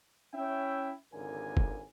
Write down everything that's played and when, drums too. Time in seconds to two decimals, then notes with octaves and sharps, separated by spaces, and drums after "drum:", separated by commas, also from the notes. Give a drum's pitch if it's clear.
0.34 C#4 E4 E5 G5
1.13 G#1 C#2 D3 A#4 G#5
1.57 drum: kick